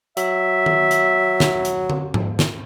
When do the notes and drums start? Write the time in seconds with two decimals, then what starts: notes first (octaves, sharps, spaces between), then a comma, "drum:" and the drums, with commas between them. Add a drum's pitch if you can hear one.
0.17 F#3 E5, drum: hi-hat
0.66 drum: tom D#3
0.91 drum: hi-hat
1.40 drum: snare
1.65 drum: hi-hat
1.90 drum: tom D3
2.14 drum: tom G#2
2.39 drum: snare